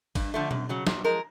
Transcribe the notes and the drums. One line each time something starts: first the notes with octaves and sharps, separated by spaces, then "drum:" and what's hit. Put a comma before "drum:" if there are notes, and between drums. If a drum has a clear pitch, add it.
G2, drum: kick G#1, cymbal
D3 F3 A3
F#2, drum: tom B2
C#3 F#3
A#2, drum: snare
F3 G#3 A#4